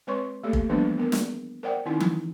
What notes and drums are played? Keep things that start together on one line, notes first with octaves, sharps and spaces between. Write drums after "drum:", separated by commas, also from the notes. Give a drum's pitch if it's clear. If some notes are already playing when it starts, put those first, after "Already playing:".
G#3 C4 B4 C#5 C6 C#6
A3 A#3 G4 A4
drum: kick
E3 F3 G3 A#3 B3 D4
B3 A#4
drum: snare
A#4 C5 D5 E5 F#5 G5
D#3 C4 C#4 D#4 E4
drum: tom E3